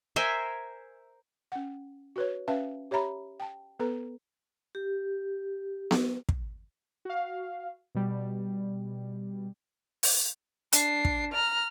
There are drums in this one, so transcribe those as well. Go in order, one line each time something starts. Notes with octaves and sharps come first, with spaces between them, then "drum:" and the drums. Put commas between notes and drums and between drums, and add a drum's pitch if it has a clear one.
A#4 C5 E5 G#5
C#4 F#5
F#4 B4 C#5
C#4 B4 E5 F5 A5
G4 C#5 E5 A#5 B5
G5 A5
B3 A4 B4 A#5
G4
drum: snare B3
drum: kick
F#4 F5
B2 G3
drum: open hi-hat
D4 C7, drum: hi-hat
drum: kick
A#5 F6